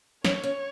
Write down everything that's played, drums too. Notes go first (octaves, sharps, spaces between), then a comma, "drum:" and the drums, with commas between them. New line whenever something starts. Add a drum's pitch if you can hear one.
C#4 C#5, drum: snare
C#4